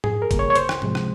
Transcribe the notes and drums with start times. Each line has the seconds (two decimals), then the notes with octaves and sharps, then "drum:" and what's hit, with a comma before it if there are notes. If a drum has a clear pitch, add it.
0.04 F2 G#4, drum: tom G#2
0.22 A#4
0.31 C#3 G3 A#3, drum: kick, hi-hat
0.39 C#5
0.50 C#5
0.56 C#2 C5, drum: hi-hat
0.69 drum: rim click
0.82 C3 F3 G#3, drum: tom G#2
0.95 drum: rim click